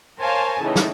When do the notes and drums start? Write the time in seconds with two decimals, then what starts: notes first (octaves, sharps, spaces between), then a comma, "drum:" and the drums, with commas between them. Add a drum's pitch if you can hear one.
0.19 A#4 C5 C#5 F5 G#5 A5
0.61 A2 C#3 E3 D#4
0.76 drum: snare